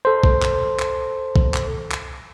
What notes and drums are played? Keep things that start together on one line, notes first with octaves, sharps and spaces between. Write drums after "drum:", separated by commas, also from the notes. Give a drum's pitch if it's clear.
A4 C5
drum: kick B1
drum: clap
drum: clap
drum: kick B1
drum: clap
drum: clap